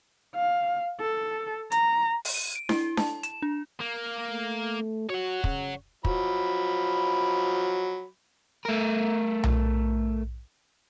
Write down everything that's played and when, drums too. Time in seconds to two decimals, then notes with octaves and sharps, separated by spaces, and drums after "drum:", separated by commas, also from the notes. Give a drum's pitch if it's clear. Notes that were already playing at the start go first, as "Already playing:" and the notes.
0.35 F5
1.00 A4
1.72 A#5, drum: hi-hat
2.25 drum: open hi-hat
2.34 D#7
2.56 D7
2.69 E4, drum: snare D4
2.97 A5, drum: snare D4
3.23 E7, drum: hi-hat
3.42 D4
3.80 A#3
4.29 A3
5.09 F#4 C#5 F#5
5.44 C#3, drum: kick
6.05 F3 F#3 B5, drum: kick
8.65 A3 A#4
9.44 drum: tom B1